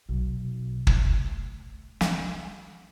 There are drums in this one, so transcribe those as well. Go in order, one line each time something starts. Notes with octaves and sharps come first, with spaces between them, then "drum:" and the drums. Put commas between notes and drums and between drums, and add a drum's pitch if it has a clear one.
B1
A3, drum: kick
G#3, drum: snare